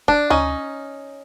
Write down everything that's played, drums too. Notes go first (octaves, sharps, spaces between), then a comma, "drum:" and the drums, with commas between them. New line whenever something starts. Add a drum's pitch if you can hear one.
D4, drum: kick
C#4 D#4, drum: tom D2